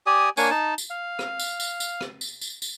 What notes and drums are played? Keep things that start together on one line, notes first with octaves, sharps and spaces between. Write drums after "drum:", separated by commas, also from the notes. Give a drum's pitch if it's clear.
G4 D5 G#5 D#6
A#3 D4 C#5 G#5, drum: tambourine
D#4 A5
drum: tambourine
F5
drum: rim click
drum: tambourine
drum: tambourine
drum: tambourine
drum: rim click
drum: tambourine
drum: tambourine
drum: tambourine